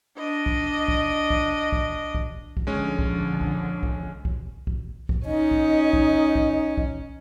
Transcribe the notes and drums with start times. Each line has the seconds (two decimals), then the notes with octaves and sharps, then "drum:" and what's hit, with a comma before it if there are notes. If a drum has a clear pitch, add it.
0.18 D4 D#5
0.46 drum: kick C2
0.88 drum: kick C2
1.30 drum: kick C2
1.72 drum: kick C2
2.15 drum: kick C2
2.57 drum: kick C2
2.67 A#1 F2 D3 G#3 C#4
2.99 drum: kick C2
3.41 drum: kick C2
3.83 drum: kick C2
4.25 drum: kick C2
4.67 drum: kick C2
5.09 drum: kick C2
5.25 C#4 D#4 D#5
5.51 drum: kick C2
5.93 drum: kick C2
6.35 drum: kick C2
6.78 drum: kick C2